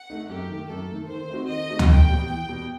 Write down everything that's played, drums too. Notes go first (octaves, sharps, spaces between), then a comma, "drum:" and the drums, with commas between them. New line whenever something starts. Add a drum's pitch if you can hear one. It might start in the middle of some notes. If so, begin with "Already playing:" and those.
Already playing: F#5
A3 D#4
F#2 G4
D#3 A3
F#2 A4
D#3 A3
D#3 C5
A3 C4 D#4 F#4
D#3 D#5
A3 C4 D#4 F#4
drum: tom D2
E2 G5
B2 G3
E2 G5
B2 G3